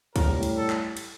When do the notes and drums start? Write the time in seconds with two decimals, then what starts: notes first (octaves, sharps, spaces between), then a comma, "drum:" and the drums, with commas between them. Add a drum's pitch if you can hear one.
0.16 A2 G3 A#4, drum: kick, cymbal
0.43 drum: cymbal
0.56 A4
0.70 drum: clap
0.97 drum: cymbal